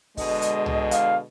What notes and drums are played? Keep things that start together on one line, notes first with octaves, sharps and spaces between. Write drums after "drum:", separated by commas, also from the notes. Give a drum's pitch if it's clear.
B2 D3 G#3 D#5, drum: kick, open hi-hat
drum: hi-hat
drum: tom C2
F5, drum: hi-hat